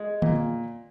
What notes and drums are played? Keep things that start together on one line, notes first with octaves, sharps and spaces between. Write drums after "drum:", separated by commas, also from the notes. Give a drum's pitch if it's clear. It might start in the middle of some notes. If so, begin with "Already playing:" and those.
Already playing: G#3
A#2, drum: tom D3